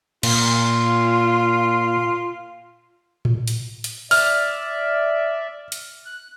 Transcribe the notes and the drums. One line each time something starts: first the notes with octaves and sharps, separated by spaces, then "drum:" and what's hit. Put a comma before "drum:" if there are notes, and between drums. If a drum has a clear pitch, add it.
A#2 F4, drum: cymbal
drum: tom A2
drum: hi-hat
drum: hi-hat
D5 E5 F6, drum: open hi-hat
drum: hi-hat
F#6